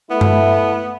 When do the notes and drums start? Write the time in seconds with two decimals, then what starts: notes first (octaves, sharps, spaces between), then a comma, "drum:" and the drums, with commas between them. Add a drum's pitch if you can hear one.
0.11 A3 B3 E4
0.21 drum: tom G2